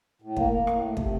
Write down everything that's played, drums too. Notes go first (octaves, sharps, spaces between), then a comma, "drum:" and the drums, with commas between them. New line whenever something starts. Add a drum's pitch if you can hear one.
A2
A#3, drum: kick
A#3
A2, drum: rim click
A3
C3, drum: kick